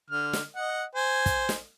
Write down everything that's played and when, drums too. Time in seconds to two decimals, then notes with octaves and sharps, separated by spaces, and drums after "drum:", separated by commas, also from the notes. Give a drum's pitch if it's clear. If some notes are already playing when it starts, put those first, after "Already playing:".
0.10 D3 F6
0.33 drum: snare
0.56 D#5 F#5
0.95 C5 G#5
1.26 drum: kick, hi-hat
1.49 drum: snare